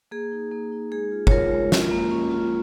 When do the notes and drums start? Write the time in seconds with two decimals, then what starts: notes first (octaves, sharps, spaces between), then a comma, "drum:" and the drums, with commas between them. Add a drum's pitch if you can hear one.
0.11 A#3 G#4
0.31 D#4
0.52 A#3
0.72 D#4
0.92 G#3 G#4
1.12 F4
1.27 C#5, drum: kick
1.31 F4 A#4
1.52 G#3
1.72 F4, drum: snare
1.91 A#3
2.11 C#4
2.31 F4